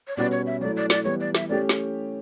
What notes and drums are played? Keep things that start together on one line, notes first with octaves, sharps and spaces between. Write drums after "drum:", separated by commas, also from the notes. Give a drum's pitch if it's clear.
C#5
B2 G3 C#4 F#4 B4 D5
C#5
E5
F#3 A3 E4 D5
D5
D5, drum: snare
E3 G3 B3 E4 C#5
D5
E5, drum: snare
A3 C#4 G4 D5
drum: snare